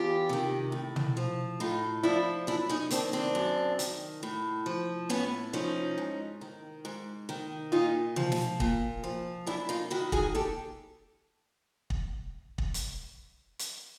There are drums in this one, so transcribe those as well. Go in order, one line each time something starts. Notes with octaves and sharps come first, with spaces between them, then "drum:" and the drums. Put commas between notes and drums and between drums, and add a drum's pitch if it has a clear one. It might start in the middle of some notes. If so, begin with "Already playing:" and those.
Already playing: E2 F4 G4
C3 D#3
A2
drum: tom
F3
A2 D#4 F4
F3 D4 E4
F#2 D4 E4
C#4 D#4
D#3 C4 D4, drum: hi-hat
C4 D4
F#2
D#3, drum: hi-hat
A2
F3
A2 B3 C#4
F3 C#4 D#4
G#2
D#3
G#2
D#3
A#2 D#4 F4
F3, drum: tom
drum: snare
A#2, drum: kick
F3
F#2 D4 E4
D#4 F4
D#3 E4 F#4
F#4 G#4, drum: kick
G4 A4
drum: kick
drum: kick
drum: hi-hat
drum: hi-hat